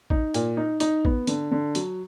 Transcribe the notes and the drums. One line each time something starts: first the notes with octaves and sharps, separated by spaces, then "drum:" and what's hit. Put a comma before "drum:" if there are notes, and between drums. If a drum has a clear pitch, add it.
D#4, drum: kick
A#2, drum: hi-hat
D#4
D#4, drum: hi-hat
B3, drum: kick
D3, drum: hi-hat
D3
F#3, drum: hi-hat